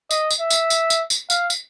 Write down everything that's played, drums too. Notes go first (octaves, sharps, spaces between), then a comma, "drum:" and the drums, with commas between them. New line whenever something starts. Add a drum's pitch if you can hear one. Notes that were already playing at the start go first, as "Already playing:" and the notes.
D#5, drum: tambourine
drum: tambourine
E5
drum: tambourine
drum: tambourine
drum: tambourine
drum: tambourine
F5, drum: tambourine
drum: tambourine